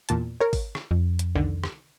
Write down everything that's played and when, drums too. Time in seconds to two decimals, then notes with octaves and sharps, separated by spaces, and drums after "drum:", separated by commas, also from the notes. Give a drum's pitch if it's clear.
0.09 E2 A#2 A5, drum: hi-hat
0.41 A#4 C#5
0.53 drum: kick, open hi-hat
0.75 drum: rim click
0.91 F2
1.19 drum: hi-hat
1.35 C2 D3 D#3
1.64 drum: rim click